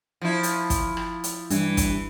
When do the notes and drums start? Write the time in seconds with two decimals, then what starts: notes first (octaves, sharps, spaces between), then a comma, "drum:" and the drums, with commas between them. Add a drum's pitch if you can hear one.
0.21 F3 E4
0.43 drum: hi-hat
0.70 drum: kick, hi-hat
0.97 drum: rim click
1.24 drum: hi-hat
1.50 G2 E3, drum: hi-hat
1.77 drum: kick, hi-hat